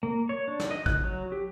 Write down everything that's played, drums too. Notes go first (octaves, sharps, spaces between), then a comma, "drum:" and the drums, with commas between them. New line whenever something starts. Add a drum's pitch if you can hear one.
A#3
C#5
D4
drum: snare
D#5
F#6, drum: kick A1
F#3
G4